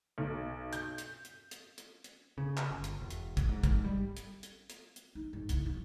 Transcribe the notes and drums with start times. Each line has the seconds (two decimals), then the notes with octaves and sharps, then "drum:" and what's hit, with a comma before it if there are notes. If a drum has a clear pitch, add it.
0.18 B1
0.73 G6, drum: hi-hat
0.98 drum: hi-hat
1.25 drum: hi-hat
1.51 drum: hi-hat
1.78 drum: hi-hat
2.04 drum: hi-hat
2.38 C#3
2.57 drum: clap
2.70 G1
2.84 drum: hi-hat
3.01 E1
3.10 drum: hi-hat
3.37 drum: kick, hi-hat
3.49 G#2
3.64 drum: kick, hi-hat
3.84 G3
4.17 drum: hi-hat
4.43 drum: hi-hat
4.70 drum: hi-hat
4.96 drum: hi-hat
5.15 D#4
5.33 G#2
5.49 C#2 E4, drum: hi-hat
5.66 B1